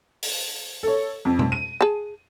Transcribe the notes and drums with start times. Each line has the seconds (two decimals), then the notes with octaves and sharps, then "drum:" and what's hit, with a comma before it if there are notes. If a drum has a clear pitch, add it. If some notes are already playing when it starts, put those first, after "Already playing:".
0.22 drum: open hi-hat
0.83 A4 C#5
1.25 F2
1.39 drum: tom B2
1.52 D#7
1.81 G#4 A5